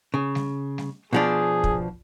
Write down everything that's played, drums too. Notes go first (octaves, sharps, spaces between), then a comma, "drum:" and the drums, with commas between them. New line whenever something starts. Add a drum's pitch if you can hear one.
C#3
drum: snare G3
drum: snare G3
B2 F3 D4 G#4
drum: kick